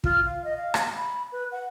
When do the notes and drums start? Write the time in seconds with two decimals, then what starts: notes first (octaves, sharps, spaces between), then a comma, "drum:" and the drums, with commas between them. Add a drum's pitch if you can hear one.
0.04 F4, drum: kick
0.25 F5
0.44 D#5
0.57 F5
0.74 drum: rim click
0.97 B5
1.32 B4
1.52 F#5